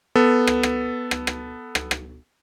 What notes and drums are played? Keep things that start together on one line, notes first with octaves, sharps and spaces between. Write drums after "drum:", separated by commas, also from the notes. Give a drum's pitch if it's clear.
B3 A4
drum: rim click
drum: rim click
drum: rim click
drum: rim click
drum: rim click
drum: rim click